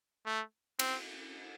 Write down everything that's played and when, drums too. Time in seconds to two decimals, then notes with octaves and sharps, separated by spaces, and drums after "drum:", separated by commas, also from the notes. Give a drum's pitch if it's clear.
0.26 A3
0.79 C4, drum: cymbal